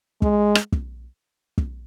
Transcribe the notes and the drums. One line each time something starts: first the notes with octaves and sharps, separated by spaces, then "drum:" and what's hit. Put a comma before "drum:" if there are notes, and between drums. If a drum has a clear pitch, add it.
G#3, drum: kick
drum: rim click
drum: kick
drum: kick